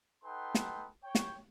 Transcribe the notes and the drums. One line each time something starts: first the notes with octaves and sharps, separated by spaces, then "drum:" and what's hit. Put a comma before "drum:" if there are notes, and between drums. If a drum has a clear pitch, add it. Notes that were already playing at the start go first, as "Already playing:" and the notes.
D#4 A4 B4 F#5 G5 C6
drum: snare
C#5 G5
drum: snare